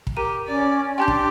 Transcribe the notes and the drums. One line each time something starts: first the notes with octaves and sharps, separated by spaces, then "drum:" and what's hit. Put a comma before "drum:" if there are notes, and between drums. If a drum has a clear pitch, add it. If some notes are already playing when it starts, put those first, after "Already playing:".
drum: kick
G4 A#4 A#5 D#7
C#4 D5
D4 G4 G5 A5 C6 G6
drum: kick